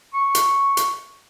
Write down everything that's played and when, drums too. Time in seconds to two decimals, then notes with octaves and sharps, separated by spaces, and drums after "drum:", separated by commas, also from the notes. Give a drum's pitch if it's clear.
0.13 C#6
0.35 drum: hi-hat
0.77 drum: hi-hat